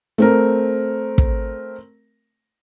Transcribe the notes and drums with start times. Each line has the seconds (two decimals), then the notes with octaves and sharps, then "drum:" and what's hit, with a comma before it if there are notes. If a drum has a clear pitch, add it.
0.18 A3 C4 A#4
1.18 drum: kick